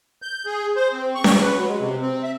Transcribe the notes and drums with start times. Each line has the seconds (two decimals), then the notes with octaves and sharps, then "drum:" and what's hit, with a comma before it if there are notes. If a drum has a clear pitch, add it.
0.22 G6
0.46 G#4
0.76 C5
0.93 C4
1.15 C#6
1.24 drum: snare C#4
1.42 B4
1.56 F#3
1.68 G#3
1.80 C3
2.01 C4
2.23 E5